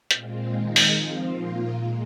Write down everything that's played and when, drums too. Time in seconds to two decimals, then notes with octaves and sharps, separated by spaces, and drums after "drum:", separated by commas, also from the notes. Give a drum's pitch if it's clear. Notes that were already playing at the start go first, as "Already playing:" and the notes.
0.11 A#2 G#3 C4 F4, drum: hi-hat
0.51 D#3 G#3 D#4
0.76 drum: open hi-hat
0.91 F3 C4 F4
1.33 A#2 A#3 F4
1.73 A#2 G#3